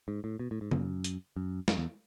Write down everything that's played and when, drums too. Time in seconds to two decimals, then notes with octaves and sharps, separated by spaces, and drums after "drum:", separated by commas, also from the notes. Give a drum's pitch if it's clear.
0.08 G#2
0.24 A2
0.39 B2
0.51 A2
0.61 G#2
0.71 F#2, drum: tom C#3
1.04 drum: hi-hat
1.36 F#2
1.68 F#2, drum: snare
1.78 E2